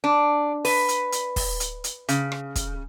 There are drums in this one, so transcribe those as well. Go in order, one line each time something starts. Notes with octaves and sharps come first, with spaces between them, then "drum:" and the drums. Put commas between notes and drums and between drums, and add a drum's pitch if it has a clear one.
D4
B4, drum: open hi-hat
drum: hi-hat
drum: hi-hat
drum: kick, open hi-hat
drum: hi-hat
drum: hi-hat
C#3, drum: hi-hat
drum: rim click
drum: kick, hi-hat